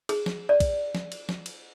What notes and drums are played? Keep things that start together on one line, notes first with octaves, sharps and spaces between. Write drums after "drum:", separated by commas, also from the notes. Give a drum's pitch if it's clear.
G#4, drum: cymbal
drum: snare
D5
drum: kick, cymbal
drum: snare
drum: cymbal
drum: snare
drum: cymbal